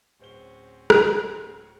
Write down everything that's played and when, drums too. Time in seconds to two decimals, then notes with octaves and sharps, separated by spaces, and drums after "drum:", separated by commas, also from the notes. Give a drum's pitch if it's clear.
0.19 D1 C4 C#4 F#4 C5 G7
0.90 drum: rim click